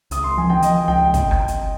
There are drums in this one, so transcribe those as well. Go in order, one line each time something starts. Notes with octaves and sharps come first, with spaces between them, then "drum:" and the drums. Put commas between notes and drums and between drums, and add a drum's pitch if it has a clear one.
C#2 D#6, drum: hi-hat
C6
F3 G#5
G5
F3 D#5, drum: hi-hat
C#2 G5
drum: kick, hi-hat
drum: rim click
drum: hi-hat